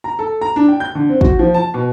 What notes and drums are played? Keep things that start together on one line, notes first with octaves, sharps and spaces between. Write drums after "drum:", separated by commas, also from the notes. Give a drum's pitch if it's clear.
A#5
A4
A#5
D4
G5
G6
D3
C4
F#4, drum: kick
F3
A5
B2